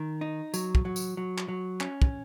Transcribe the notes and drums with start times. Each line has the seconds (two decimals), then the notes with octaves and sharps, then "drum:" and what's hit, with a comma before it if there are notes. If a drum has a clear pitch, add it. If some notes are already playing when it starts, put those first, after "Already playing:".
Already playing: D#3
0.21 D#4
0.54 F#3, drum: tambourine
0.75 drum: kick
0.85 F#3
0.96 drum: tambourine
1.17 F#3
1.38 drum: clap
1.48 F#3
1.81 C#4, drum: clap
2.02 drum: kick